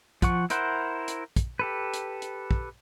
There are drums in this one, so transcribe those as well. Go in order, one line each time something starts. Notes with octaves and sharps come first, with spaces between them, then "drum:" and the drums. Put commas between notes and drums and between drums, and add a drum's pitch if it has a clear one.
F3 F#5 C#6, drum: kick, hi-hat
E4 A#4 C5 F#5, drum: hi-hat
drum: hi-hat
drum: kick, hi-hat
G4 A4 B4
drum: hi-hat
drum: hi-hat
drum: kick